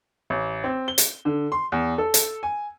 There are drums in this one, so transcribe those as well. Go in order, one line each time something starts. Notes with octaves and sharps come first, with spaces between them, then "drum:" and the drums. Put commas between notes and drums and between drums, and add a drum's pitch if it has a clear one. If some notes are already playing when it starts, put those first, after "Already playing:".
A1
C4
G7
drum: hi-hat
D3
C6
E2
A4
drum: hi-hat
G#5